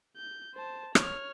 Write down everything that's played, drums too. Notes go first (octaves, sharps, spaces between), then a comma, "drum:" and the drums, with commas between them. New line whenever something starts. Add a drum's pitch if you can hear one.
G6
C5 A5
C#5 F6, drum: rim click